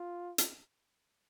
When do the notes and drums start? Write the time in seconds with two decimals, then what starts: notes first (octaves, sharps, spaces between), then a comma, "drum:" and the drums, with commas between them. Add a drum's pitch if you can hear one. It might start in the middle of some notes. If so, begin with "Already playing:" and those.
Already playing: F4
0.38 drum: hi-hat